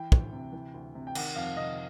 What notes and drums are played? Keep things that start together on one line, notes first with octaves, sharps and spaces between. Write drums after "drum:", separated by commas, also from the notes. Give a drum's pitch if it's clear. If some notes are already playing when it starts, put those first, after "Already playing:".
Already playing: E3 G5
D2, drum: kick
C3
E3
D2
C3
G5
D#3 F#5, drum: cymbal
F2 F5
C3 D#5